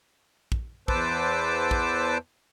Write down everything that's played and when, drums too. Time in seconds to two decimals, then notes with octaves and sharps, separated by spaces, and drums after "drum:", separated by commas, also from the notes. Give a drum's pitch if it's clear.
0.52 drum: kick
0.88 E2 B4 C5 A5 D6 E6, drum: kick
1.71 drum: kick